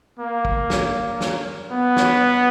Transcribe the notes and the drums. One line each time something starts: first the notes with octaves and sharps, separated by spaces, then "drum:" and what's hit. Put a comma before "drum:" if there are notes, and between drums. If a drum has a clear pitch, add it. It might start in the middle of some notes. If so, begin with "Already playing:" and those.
A#3
drum: kick
drum: snare
drum: snare
B3
drum: snare